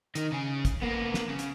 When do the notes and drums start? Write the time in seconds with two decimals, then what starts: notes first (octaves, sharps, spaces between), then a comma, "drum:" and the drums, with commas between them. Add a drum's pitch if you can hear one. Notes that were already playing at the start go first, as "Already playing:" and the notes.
0.15 D#3 D#4, drum: hi-hat
0.32 C#3 G#4
0.65 drum: kick, hi-hat
0.82 A#3 B3
1.14 drum: snare
1.29 C#3
1.39 drum: hi-hat